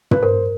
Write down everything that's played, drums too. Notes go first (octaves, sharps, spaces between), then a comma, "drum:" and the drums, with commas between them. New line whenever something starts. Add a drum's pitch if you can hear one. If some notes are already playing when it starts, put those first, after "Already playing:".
B4, drum: tom
A#4 C5